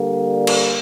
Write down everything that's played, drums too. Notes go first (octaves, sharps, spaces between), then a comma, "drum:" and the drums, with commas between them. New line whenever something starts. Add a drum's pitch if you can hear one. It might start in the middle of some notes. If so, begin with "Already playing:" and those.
Already playing: D3 G3 A#3
drum: cymbal